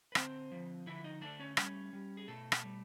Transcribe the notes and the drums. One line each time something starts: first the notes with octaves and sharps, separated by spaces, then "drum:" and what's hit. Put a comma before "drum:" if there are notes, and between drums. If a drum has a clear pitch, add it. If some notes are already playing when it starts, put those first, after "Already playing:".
B4
D3 C4 C5, drum: rim click
F3
D3 E4 E5
D#4 D#5
A3 D4 D5
C#4 C#5
G3 C#4 C#5, drum: rim click
G3
G#4
B2 A3 A4
drum: rim click
G3